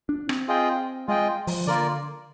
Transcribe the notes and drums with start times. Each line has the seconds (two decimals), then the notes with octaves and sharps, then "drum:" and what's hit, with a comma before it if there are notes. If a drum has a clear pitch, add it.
0.09 D4
0.29 C4, drum: rim click
0.48 F4 G#4 D#5 G5
1.08 G#3 F4 G#4 D#5 G5
1.47 F3, drum: open hi-hat
1.67 D3 A#3 F4 A#4 D5